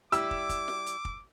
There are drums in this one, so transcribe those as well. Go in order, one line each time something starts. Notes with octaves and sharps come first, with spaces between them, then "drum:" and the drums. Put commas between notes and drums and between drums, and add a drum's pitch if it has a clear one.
G3 E4 G4 D6 E6, drum: hi-hat
drum: kick
drum: kick, hi-hat
drum: snare
drum: hi-hat
drum: kick